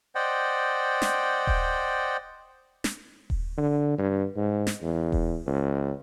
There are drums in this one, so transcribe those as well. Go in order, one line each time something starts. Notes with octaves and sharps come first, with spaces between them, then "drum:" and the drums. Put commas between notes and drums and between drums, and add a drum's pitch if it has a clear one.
C5 D5 D#5 F#5 G5
drum: snare
drum: kick D#1
drum: snare
drum: kick D#1
D3
G2
G#2
drum: snare
E2
drum: kick D#1
C#2